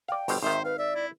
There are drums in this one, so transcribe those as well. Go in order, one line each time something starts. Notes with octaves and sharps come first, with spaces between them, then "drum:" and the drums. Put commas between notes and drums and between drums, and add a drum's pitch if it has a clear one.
D5 F5 G5
G1 B2 C5, drum: open hi-hat
G#1 D#3 C5 E5
B4 F5
D5 E5
E4